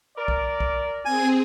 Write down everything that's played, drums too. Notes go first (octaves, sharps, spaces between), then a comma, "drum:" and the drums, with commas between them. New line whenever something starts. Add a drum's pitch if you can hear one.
A#4 D5
drum: kick
drum: kick
C4 G#4 G#5